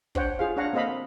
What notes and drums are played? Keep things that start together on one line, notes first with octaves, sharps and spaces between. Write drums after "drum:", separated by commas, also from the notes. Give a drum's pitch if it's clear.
D4 C5 C#5 F#5 G5, drum: kick
F4 G#4 F5
D4 C#5 F5 F#5 A#5
A#3 C4 A4 D#5 F5 B5